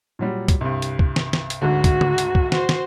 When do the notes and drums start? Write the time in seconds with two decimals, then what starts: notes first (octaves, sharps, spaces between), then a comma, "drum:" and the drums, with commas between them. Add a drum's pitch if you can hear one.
0.19 A#2 F#3 G3
0.48 drum: kick, hi-hat
0.61 C2 G2
0.82 drum: hi-hat
0.99 drum: kick
1.16 drum: snare
1.33 drum: snare
1.50 drum: hi-hat
1.62 D2 G#2 D3 F#4
1.84 drum: kick, hi-hat
2.01 drum: tom C#3
2.18 drum: hi-hat
2.35 drum: kick
2.52 F#4 C5, drum: snare
2.69 drum: snare